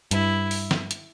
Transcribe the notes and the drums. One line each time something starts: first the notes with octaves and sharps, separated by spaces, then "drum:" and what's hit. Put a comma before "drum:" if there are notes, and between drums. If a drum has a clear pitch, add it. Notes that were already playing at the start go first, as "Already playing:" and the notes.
G2 E4, drum: hi-hat
drum: open hi-hat
drum: snare
drum: hi-hat